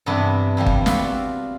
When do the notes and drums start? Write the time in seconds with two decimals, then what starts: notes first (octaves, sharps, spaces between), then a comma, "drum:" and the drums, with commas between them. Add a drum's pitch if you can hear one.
0.06 G2 C3 E3 B3 D4 E4
0.57 E3 F3 G3 E4
0.66 drum: kick G1
0.86 F4 F#4 D5 E5, drum: snare